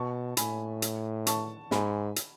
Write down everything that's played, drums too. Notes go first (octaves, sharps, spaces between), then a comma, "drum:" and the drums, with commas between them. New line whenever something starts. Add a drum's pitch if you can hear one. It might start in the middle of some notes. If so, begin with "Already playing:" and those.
Already playing: B2 A5 C#6
A2 G#5 B5, drum: hi-hat
drum: hi-hat
A5 C#6, drum: hi-hat
G#2 G#5 B5, drum: snare
drum: hi-hat